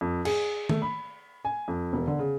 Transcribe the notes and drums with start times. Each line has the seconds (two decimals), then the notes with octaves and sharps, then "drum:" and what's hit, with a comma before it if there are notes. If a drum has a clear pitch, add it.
0.01 F2
0.25 G#4, drum: cymbal
0.69 A3, drum: tom D#3
0.82 B5
1.45 G#5
1.68 F2
1.93 E1
2.07 D3
2.19 C#3